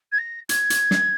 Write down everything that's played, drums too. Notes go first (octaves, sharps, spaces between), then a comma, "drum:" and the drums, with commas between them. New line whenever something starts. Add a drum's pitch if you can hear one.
G#6
A#6
G#6, drum: hi-hat
drum: hi-hat
drum: snare